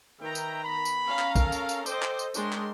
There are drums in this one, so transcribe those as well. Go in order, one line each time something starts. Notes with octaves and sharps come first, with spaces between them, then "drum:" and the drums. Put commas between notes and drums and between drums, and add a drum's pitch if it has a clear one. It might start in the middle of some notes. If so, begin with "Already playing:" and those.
D#3 B4 E5 G5 A#5
drum: tambourine
B3 B5
drum: tambourine
C#4 F5 A#5
drum: clap
A4 A#4, drum: kick, tambourine
drum: tambourine
drum: tambourine
A4 C5 D#5 G5 D6, drum: tambourine
drum: clap
drum: tambourine
G#3 D4 A#4 C#5 G5 C6, drum: tambourine
drum: clap